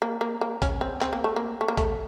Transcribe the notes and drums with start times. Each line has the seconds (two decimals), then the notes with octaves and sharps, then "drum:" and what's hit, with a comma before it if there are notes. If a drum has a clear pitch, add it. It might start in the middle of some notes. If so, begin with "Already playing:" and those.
0.02 A#3
0.21 A#3
0.41 A#3
0.62 C#4, drum: kick A1, hi-hat
0.81 C4
1.01 C4, drum: clap
1.13 A#3
1.24 A3
1.36 A#3
1.61 A3
1.68 A#3
1.77 A3, drum: kick A1, hi-hat